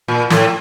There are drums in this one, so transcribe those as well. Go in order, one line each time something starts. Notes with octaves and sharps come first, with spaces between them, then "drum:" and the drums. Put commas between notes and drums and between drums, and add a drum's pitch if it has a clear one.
A#2
A2, drum: snare